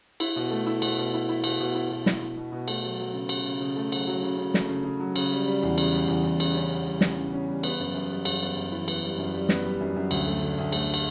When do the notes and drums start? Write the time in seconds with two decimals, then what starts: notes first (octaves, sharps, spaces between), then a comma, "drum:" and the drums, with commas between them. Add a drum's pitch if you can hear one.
0.20 E4, drum: cymbal
0.36 B2
0.51 A3
0.66 E4
0.82 B2, drum: cymbal
0.97 B2
1.14 E4
1.29 E4
1.44 B2, drum: cymbal
1.60 B2
1.74 E4
1.90 B2
2.06 E4, drum: snare
2.21 E4
2.37 B2
2.52 B2
2.68 A3, drum: cymbal
2.83 F#3
2.99 F#3
3.14 C#3
3.29 C#3, drum: cymbal
3.45 C#3
3.60 C#3
3.76 A3
3.92 F#3, drum: cymbal
4.07 F#3
4.23 C#3
4.38 C#3
4.54 A3, drum: snare
4.69 C#3
4.84 C#3
4.99 F#3
5.16 C#3, drum: cymbal
5.31 G3
5.47 G3
5.63 E2
5.78 C#3, drum: cymbal
5.93 G3
6.08 E2
6.23 E2
6.40 C#3, drum: cymbal
6.54 C#4
6.71 G3
6.86 G3
7.01 C#3, drum: snare
7.17 C#3
7.33 C#4
7.48 G3
7.63 B3, drum: cymbal
7.79 F#2
7.94 F#2
8.10 G3
8.25 F#2, drum: cymbal
8.41 B3
8.57 F#2
8.72 E3
8.88 B3, drum: cymbal
9.03 G3
9.18 F#2
9.34 G3
9.49 B3, drum: snare
9.65 G3
9.81 F#2
9.96 F#2
10.11 D2, drum: cymbal
10.27 A3
10.42 D3
10.58 D2
10.72 A3, drum: cymbal
10.94 drum: cymbal